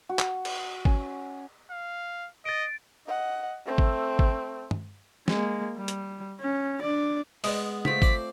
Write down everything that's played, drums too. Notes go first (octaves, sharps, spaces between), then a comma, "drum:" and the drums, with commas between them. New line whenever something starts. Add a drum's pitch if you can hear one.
F#4
drum: clap
drum: cymbal
C#4, drum: kick
F5
D#5 A6 D7
D#5 F#5
A3 C4
drum: kick
drum: kick
drum: tom
G#3 A#3, drum: snare
G3
drum: hi-hat
C#4
D4 D5
G#3 B3 D#5, drum: open hi-hat
A3 C4 F4 B6, drum: tom
C5 D5, drum: kick